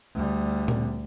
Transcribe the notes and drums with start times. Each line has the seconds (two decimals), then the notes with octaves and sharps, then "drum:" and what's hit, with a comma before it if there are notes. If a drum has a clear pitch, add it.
0.14 D2 G3
0.68 drum: tom A#2